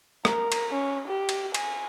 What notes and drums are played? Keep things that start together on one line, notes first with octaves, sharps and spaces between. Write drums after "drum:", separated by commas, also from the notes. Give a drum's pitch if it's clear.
A#4, drum: rim click
drum: cymbal
C#4
G4
drum: cymbal
G#5, drum: cymbal